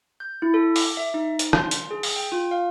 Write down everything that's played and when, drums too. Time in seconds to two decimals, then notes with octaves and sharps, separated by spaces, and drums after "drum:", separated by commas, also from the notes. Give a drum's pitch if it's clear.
0.20 G6
0.42 E4
0.54 A4
0.76 D6, drum: open hi-hat
0.97 E5
1.14 D#4
1.39 drum: hi-hat
1.53 C6, drum: rim click
1.71 drum: hi-hat
1.91 G#4
2.03 drum: open hi-hat
2.16 G5
2.32 F4
2.51 F5